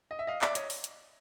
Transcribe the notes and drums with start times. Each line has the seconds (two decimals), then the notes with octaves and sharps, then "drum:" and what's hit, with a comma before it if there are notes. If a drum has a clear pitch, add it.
0.11 D#5
0.19 E5
0.27 D#5 F5
0.42 D5 E5, drum: clap
0.55 C#5 D#5, drum: hi-hat
0.70 drum: open hi-hat
0.84 drum: hi-hat